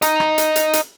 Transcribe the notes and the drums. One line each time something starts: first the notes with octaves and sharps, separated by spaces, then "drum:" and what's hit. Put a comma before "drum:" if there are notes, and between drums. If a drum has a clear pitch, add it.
D#5 A#5, drum: hi-hat
drum: rim click
drum: hi-hat
drum: hi-hat
drum: hi-hat